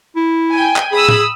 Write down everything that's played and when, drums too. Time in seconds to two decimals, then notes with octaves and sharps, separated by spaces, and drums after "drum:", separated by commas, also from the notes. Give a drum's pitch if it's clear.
0.16 E4
0.52 G5 G#5
0.76 drum: clap
0.92 G#4 B5 D#6 E6
1.09 drum: tom A2